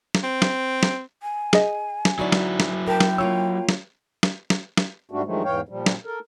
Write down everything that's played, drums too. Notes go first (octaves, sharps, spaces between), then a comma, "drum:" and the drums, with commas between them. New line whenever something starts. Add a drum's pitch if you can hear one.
drum: snare
C4
drum: snare
drum: snare
G#5
G#4 D#5, drum: snare
drum: snare
F#3 D#4 E4 F#4 D5
drum: snare
drum: snare
A#4 G5 A5
drum: snare
A#3 F4 C#5 E6
drum: snare
drum: snare
drum: snare
drum: snare
G#2 G3 A3 D4 F#4
G2 D#3 F3 F#3 G#3 A3
E2 G#2 E3 C#5 F5 G5
A#2 F3 G3
drum: snare
A4 A#4